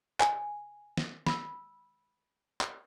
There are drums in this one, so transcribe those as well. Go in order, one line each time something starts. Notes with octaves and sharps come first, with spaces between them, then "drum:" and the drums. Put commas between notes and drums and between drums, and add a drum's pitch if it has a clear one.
G#5, drum: clap
drum: snare
B5 E6, drum: snare
drum: clap